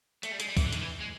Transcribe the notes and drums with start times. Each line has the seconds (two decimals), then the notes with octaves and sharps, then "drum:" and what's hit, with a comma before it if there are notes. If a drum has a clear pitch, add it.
0.23 A3, drum: hi-hat
0.31 G3
0.40 G#3, drum: hi-hat
0.48 G3
0.57 E3, drum: kick, open hi-hat
0.65 D3
0.73 D#3, drum: hi-hat
0.81 E3
1.00 G#3